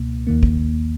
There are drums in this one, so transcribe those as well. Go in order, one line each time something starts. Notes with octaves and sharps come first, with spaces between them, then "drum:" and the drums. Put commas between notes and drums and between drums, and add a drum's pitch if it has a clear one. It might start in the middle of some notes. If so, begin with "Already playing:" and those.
Already playing: C#2 B2 A#3
D#2 D#3 A#3
drum: kick